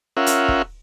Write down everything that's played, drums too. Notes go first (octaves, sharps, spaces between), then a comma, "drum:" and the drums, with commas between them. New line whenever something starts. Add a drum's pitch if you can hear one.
C#4 F4 A#4 E5 F#5
drum: hi-hat
drum: kick